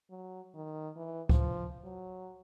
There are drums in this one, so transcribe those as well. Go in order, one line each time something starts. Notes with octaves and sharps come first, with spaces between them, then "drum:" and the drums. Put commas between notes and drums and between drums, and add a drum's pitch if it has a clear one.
F#3
D#3
E3
F3, drum: kick C#2
F#3